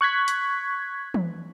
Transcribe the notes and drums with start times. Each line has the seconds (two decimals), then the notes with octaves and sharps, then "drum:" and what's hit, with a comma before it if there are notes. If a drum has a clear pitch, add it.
0.01 C#6 F#6 G#6 B6
0.28 drum: hi-hat
1.14 drum: tom E3